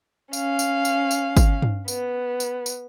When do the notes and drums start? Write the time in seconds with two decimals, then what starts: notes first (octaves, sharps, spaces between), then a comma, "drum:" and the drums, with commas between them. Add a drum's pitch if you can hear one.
0.33 C#4 F5, drum: tambourine
0.59 drum: tambourine
0.85 drum: tambourine
1.11 drum: tambourine
1.37 drum: kick, tambourine
1.62 drum: tom G2
1.88 B3, drum: tambourine
2.40 drum: tambourine
2.66 drum: tambourine